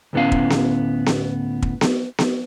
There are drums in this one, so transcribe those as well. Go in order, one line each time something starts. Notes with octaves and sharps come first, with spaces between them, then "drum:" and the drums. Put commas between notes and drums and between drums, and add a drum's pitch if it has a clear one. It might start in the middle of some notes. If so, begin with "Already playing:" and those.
D2 A2 B3 C#4 F5
drum: kick
drum: snare B3
drum: snare B3
drum: kick
drum: snare B3
drum: snare B3